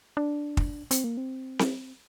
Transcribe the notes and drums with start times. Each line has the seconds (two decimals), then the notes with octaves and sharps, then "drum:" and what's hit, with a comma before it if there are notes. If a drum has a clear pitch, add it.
0.17 D4
0.57 drum: kick
0.91 C4, drum: hi-hat
1.04 A#3
1.17 C4
1.59 drum: snare C4